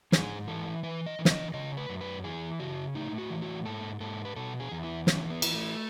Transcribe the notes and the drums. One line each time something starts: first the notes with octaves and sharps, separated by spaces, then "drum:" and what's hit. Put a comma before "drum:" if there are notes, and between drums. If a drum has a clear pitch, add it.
G#2 G#4, drum: snare
E3 A4
E3 B4
D#5
E3
E5, drum: snare
D#5
C#3 D#5
B4
F#2
B4
E3 G#4
C#3 F#4
A2 D#4
F#4
E3
F#4
G#2 A4
G#2 A4
B4
B2 A4
G#4
E2
E4
E3 C#4, drum: snare
B3
E3 B3, drum: cymbal
A3